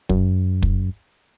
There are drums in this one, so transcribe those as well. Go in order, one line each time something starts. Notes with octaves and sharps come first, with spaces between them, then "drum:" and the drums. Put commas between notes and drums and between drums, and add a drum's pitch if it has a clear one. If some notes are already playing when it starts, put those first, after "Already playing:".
F#2, drum: kick
drum: kick